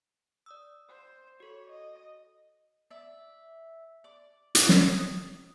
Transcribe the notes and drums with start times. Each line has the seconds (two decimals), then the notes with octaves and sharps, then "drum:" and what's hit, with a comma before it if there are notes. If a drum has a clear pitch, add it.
0.46 D5 D#6 E6
0.89 C5
1.40 F#4 A4 C#5
1.70 D#5
2.90 D5 E5
4.04 D5 D6
4.55 drum: hi-hat
4.69 drum: snare
4.89 D#6 F#6